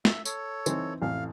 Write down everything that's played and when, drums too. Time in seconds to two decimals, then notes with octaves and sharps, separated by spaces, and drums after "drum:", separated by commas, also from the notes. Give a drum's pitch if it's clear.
0.05 E5, drum: snare
0.25 A4 C#5, drum: tambourine
0.66 E3 C4 D#4, drum: tambourine
1.02 A1 F2 E3 F5